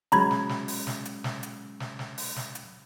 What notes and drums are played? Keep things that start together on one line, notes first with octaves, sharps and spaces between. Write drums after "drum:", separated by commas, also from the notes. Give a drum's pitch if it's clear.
F#3 G#3 C#4 A#5 B5 G#6, drum: hi-hat
drum: snare
drum: snare
drum: open hi-hat
drum: snare
drum: hi-hat
drum: snare
drum: hi-hat
drum: snare
drum: snare
drum: open hi-hat
drum: snare
drum: hi-hat